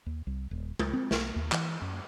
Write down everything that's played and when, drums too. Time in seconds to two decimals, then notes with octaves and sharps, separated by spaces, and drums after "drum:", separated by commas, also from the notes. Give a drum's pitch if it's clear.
0.06 D#2
0.27 C2
0.51 D#1
0.79 C#2, drum: tom G#3
0.93 C4
1.11 B1, drum: snare
1.36 D#2
1.52 E3, drum: clap
1.82 F#2